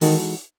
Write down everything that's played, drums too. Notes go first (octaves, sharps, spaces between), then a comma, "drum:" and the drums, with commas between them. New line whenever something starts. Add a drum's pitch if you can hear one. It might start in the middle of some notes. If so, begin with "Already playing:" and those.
D#3 E3 G#3 D#4 F#4 A4, drum: open hi-hat